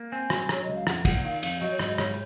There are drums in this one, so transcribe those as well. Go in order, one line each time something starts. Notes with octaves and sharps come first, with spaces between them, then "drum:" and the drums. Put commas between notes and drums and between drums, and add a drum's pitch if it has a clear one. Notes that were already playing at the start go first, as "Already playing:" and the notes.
Already playing: A#3
C4 G#5
F#3, drum: rim click
F#3 C#5, drum: rim click
C#2 D#5
F5
F2 F#5, drum: rim click
A#3 F#5, drum: kick, cymbal
D#3 F5
F2 F5, drum: cymbal
F#3 D#5
C#5
G#2 D#5, drum: rim click
D#5
G#2 C#5, drum: rim click